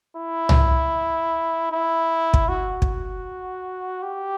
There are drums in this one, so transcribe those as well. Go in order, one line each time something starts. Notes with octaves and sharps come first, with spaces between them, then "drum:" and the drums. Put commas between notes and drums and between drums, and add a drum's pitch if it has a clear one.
E4
drum: tom C2
E4
drum: kick
F#4
drum: kick
G4